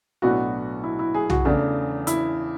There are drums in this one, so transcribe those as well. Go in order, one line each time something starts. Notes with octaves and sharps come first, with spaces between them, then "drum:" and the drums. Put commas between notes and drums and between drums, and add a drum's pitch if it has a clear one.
B1 A2 F#3 B3 D4 F#4
E4
E4
G#4
F#4, drum: tom B1
E2 C#3 E3 A3 D4
E4, drum: hi-hat